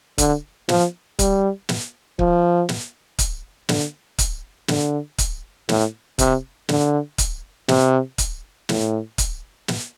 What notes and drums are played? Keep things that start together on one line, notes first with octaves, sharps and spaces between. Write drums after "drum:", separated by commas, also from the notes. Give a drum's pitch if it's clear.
D3, drum: kick, hi-hat
F3, drum: snare
G3, drum: kick, hi-hat
drum: snare
F3, drum: kick
drum: snare
drum: kick, hi-hat
D3, drum: snare
drum: kick, hi-hat
D3, drum: snare
drum: kick, hi-hat
A2, drum: snare
C3, drum: kick, hi-hat
D3, drum: snare
drum: kick, hi-hat
C3, drum: snare
drum: kick, hi-hat
A2, drum: snare
drum: kick, hi-hat
drum: snare